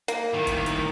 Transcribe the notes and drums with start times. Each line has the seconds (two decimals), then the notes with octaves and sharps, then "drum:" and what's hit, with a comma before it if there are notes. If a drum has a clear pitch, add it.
0.08 A#3, drum: hi-hat
0.33 A2 D#3
0.47 drum: kick G1, hi-hat
0.66 drum: hi-hat